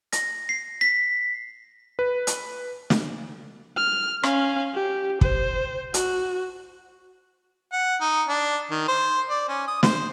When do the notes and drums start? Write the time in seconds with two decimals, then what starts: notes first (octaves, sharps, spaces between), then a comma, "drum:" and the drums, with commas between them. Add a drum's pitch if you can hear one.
0.12 A#6, drum: hi-hat
0.49 C7
0.81 B6
1.99 B4
2.27 drum: hi-hat
2.90 drum: snare
3.77 F6
4.23 C#4 F5, drum: rim click
4.74 G4
5.21 C5, drum: kick
5.94 F#4, drum: hi-hat
7.72 F#5
8.01 D#4
8.28 D4
8.71 D#3
8.88 C5
9.30 D5
9.48 C#4
9.68 D#6
9.83 C5, drum: snare